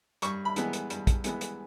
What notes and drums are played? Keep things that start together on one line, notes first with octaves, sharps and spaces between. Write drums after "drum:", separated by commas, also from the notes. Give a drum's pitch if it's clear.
G2 C#6, drum: hi-hat
B5
E3 G#3 B3, drum: hi-hat
drum: hi-hat
G2, drum: hi-hat
drum: kick, hi-hat
E3 G#3 B3, drum: hi-hat
drum: hi-hat